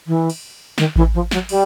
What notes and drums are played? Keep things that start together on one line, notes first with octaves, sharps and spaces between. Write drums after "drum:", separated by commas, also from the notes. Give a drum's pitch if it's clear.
E3
drum: cymbal
D#3, drum: snare
E3, drum: kick A1
F3
F#3, drum: snare
G3, drum: cymbal